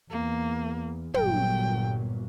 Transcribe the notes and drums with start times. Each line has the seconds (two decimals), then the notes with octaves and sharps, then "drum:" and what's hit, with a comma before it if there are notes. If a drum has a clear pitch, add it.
0.11 E2 A#3
1.14 G1 A#2 F#3 G5, drum: tom